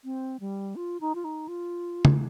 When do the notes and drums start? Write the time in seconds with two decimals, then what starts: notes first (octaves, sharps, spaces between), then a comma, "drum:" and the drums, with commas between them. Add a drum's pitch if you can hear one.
0.05 C4
0.40 G3
0.76 F4
1.01 D#4
1.15 F4
1.24 D#4
1.48 F4
2.05 drum: tom